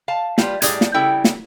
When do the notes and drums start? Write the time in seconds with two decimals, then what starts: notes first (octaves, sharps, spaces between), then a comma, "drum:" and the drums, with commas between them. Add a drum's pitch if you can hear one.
0.08 F5 A5
0.38 G3 F4 B4, drum: snare
0.62 A2 G3 G#4 D5, drum: hi-hat
0.81 drum: snare
0.94 C#3 G3 E4 A4 G5
1.24 drum: snare